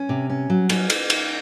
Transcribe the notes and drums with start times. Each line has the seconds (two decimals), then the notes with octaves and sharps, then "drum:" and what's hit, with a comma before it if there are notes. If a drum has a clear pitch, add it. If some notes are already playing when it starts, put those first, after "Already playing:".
Already playing: C#4
0.09 C3
0.30 C#4
0.50 F#3
0.69 C#4, drum: cymbal
0.90 drum: cymbal
1.10 drum: cymbal